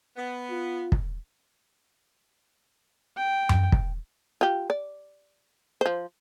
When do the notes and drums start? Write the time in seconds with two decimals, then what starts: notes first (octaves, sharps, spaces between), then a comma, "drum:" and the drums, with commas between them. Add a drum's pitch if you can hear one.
0.16 B3
0.50 F4
0.92 drum: kick
3.17 G5
3.49 drum: tom F#2
3.72 drum: kick
4.41 F4 G4
4.70 D5
5.81 F3 C5